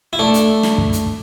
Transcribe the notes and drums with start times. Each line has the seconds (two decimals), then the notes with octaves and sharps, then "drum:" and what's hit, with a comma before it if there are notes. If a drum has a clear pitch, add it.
0.13 E4
0.19 A3 D4
0.34 drum: hi-hat
0.63 drum: snare
0.78 drum: kick
0.93 drum: hi-hat